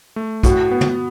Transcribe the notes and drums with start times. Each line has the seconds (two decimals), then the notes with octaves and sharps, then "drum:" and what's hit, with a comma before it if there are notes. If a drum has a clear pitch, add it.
0.16 A3
0.43 A2 F#4, drum: kick A#1, hi-hat
0.71 B3
0.81 drum: tom